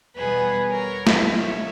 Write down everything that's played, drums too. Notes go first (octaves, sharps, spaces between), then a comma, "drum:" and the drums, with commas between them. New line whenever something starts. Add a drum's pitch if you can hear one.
E2 B2 G3 B3 G#4 B4
A#4 C#5
drum: snare
C#3 G#3 C#4 C#5 E5